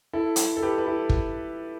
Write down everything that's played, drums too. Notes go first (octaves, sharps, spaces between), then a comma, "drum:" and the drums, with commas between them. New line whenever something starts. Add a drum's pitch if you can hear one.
E4 A4
drum: hi-hat
A4
G4 B4
B4
E4 A4
drum: kick